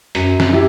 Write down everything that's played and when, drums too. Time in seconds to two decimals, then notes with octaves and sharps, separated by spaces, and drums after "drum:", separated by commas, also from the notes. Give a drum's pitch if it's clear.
0.15 F#2, drum: hi-hat
0.40 drum: snare
0.53 E4 G4